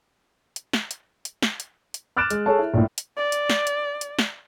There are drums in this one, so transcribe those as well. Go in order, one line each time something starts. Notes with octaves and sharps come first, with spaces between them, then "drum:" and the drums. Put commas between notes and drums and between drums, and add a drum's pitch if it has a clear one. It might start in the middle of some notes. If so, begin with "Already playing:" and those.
drum: hi-hat
drum: snare
drum: hi-hat
drum: hi-hat
drum: snare
drum: hi-hat
drum: hi-hat
D6 F6 F#6 A6 D7 E7
G#3, drum: hi-hat
G#4 A4 C#5 A5
E4
A#1 A2
drum: hi-hat
D5
drum: hi-hat
drum: snare
drum: hi-hat
drum: hi-hat
drum: snare